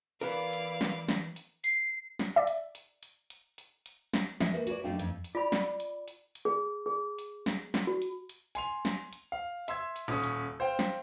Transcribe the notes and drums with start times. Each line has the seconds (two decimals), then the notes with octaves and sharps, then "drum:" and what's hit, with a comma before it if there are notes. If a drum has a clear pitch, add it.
0.21 E3 B3 E4 A#4 D5 F5
0.53 drum: hi-hat
0.81 drum: snare
1.09 drum: snare
1.36 drum: hi-hat
1.64 C7, drum: hi-hat
2.19 drum: snare
2.36 D5 E5
2.47 drum: hi-hat
2.75 drum: hi-hat
3.03 drum: hi-hat
3.30 drum: hi-hat
3.58 drum: hi-hat
3.86 drum: hi-hat
4.14 drum: snare
4.41 F3 G#3 G#4 E5, drum: snare
4.53 A#3 F#4 A#4 B4
4.67 F#4 G#4 B4 D5, drum: hi-hat
4.84 F#2 A3 D4 D#4 F5 G5
4.99 F2, drum: hi-hat
5.24 drum: hi-hat
5.35 F4 D5 B5
5.52 drum: snare
5.80 drum: hi-hat
6.08 drum: hi-hat
6.35 drum: hi-hat
6.45 G#4
6.86 G#4
7.19 drum: hi-hat
7.46 drum: snare
7.74 drum: snare
7.87 F#4
8.02 drum: hi-hat
8.29 drum: hi-hat
8.55 G#5 C6 F7, drum: hi-hat
8.85 drum: snare
9.13 drum: hi-hat
9.32 F5
9.68 E5 C6 E6 G#6, drum: hi-hat
9.96 drum: hi-hat
10.08 D#1 C#4 D#6
10.24 drum: hi-hat
10.60 C5 F5 G5
10.79 drum: snare